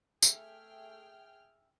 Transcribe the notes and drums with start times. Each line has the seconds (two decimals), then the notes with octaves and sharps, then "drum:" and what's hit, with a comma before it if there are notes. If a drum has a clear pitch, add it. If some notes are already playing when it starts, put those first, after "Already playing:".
0.23 A3 G#4 E5 G5 F6, drum: tambourine